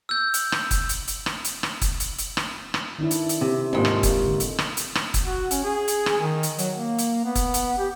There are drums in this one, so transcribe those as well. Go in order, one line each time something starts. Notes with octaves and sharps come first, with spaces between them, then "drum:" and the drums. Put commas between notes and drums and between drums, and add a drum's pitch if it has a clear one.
E6 G6
drum: hi-hat
drum: rim click
drum: kick, hi-hat
drum: hi-hat
drum: hi-hat
drum: rim click
drum: hi-hat
drum: rim click
drum: kick, hi-hat
drum: hi-hat
drum: hi-hat
drum: rim click
drum: rim click
D#3 D4 E4
drum: hi-hat
drum: hi-hat
C3
D#2 G#2 D4 F4
drum: rim click
drum: kick, hi-hat
D3
drum: hi-hat
drum: rim click
drum: hi-hat
drum: rim click
drum: kick, hi-hat
F#4
C#4, drum: hi-hat
G#4
drum: hi-hat
drum: rim click
D#3
drum: hi-hat
F#3, drum: hi-hat
A#3
drum: hi-hat
B3
drum: kick, hi-hat
drum: hi-hat
G4